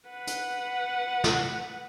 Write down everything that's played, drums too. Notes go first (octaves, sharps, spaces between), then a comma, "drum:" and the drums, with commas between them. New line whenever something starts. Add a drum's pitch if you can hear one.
B4 F#5
drum: hi-hat
drum: snare